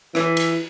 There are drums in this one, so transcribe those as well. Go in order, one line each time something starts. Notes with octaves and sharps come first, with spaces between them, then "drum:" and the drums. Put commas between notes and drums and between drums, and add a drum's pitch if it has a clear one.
E3, drum: rim click
drum: cymbal